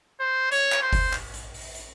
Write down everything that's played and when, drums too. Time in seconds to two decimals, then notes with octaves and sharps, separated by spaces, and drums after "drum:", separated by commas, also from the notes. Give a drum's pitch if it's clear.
0.20 C5
0.52 C#5, drum: hi-hat
0.72 drum: clap
0.82 C5
0.93 drum: kick F#1, open hi-hat
1.13 drum: clap
1.34 drum: hi-hat
1.54 drum: open hi-hat
1.75 drum: hi-hat